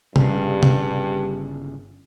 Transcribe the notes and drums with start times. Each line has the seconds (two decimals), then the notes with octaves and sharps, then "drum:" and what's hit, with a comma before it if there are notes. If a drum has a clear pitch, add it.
0.16 G1 G2 C#3 G3, drum: tom C3
0.63 drum: tom C3